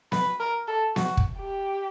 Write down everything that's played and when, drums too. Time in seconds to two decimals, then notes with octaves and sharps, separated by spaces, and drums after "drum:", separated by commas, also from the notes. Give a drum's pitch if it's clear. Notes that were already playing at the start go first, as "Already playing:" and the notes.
0.12 B4, drum: snare B3
0.40 A#4
0.68 A4
0.96 F#4, drum: snare B3
1.17 drum: kick
1.39 G4